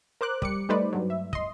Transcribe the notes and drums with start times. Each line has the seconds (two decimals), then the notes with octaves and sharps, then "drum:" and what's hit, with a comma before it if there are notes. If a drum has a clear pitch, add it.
0.21 A#4 C5 D6 F#6
0.42 G3 D6 C#7, drum: kick
0.69 G3 A3 D#4 B4 C5 D5
0.93 G2 F#3
1.10 E5
1.33 D#5 C6, drum: kick